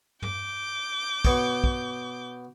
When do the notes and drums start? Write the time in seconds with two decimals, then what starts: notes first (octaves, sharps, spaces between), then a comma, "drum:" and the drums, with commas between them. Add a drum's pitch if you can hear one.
0.22 D6 G6, drum: tom
1.25 B2 C#5, drum: kick
1.64 drum: kick